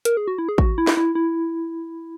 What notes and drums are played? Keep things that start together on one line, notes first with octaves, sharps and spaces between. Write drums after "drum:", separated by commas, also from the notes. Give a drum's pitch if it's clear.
A#4, drum: hi-hat
G#4
F#4
E4
G#4
F#4, drum: kick A1
E4
drum: snare
E4
E4